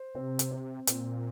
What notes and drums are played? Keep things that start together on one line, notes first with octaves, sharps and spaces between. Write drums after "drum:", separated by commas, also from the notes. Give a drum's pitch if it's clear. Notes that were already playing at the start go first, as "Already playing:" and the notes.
Already playing: C5
C3 C4
drum: hi-hat
C4
A#2 C4, drum: hi-hat